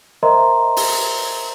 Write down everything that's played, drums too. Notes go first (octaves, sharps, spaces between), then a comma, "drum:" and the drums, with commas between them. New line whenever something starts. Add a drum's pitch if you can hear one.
A#4 C5 D#5 E5 A#5 C6
drum: open hi-hat